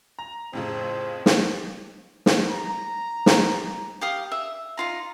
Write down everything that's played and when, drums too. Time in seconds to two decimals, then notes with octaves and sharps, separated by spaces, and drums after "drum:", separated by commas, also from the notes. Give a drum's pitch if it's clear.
0.19 A#5
0.53 F2 A2 C#3 C4
1.26 drum: snare
2.26 drum: snare
2.50 A#5
3.26 drum: snare
4.01 G4 F5 D#6
4.32 E5
4.77 D#4 F4 A#5